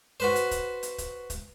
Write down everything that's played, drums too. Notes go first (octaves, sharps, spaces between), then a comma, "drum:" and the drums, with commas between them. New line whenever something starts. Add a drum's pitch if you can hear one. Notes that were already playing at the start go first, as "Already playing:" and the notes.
F#4 B4 C5
drum: hi-hat
drum: kick, hi-hat
drum: hi-hat
drum: kick, hi-hat
drum: kick, hi-hat